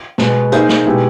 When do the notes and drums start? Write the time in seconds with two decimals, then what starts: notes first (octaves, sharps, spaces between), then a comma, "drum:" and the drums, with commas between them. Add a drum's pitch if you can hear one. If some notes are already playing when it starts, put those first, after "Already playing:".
0.18 B2 G#3 B3, drum: snare
0.52 A#3 D#4 G#4 C5 E5, drum: hi-hat
0.69 drum: snare
0.86 B2 G#3 B3 E4 G4